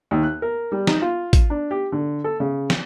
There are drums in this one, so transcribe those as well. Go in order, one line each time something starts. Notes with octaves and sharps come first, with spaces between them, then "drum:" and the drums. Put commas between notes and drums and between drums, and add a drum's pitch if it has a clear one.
D#2
F#6
A#4
G3
D#4, drum: snare
F4
drum: kick, hi-hat
D4
G4
D3
A4
C#3
drum: snare